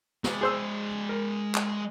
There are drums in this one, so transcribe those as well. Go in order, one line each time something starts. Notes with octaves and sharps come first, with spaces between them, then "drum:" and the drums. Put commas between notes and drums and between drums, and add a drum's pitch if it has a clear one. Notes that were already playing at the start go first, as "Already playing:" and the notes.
G#3 D5, drum: snare
G#4 C5 E6
A#4
drum: clap